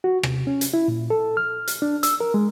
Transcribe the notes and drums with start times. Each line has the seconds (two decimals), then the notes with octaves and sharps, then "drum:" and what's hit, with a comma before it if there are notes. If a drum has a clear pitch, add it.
0.04 F#4
0.23 C3, drum: rim click
0.47 C#4
0.61 drum: hi-hat
0.74 E4
0.88 A#2
1.10 A4
1.37 F6
1.68 drum: hi-hat
1.82 D4
2.03 E6, drum: hi-hat
2.20 A#4
2.34 G#3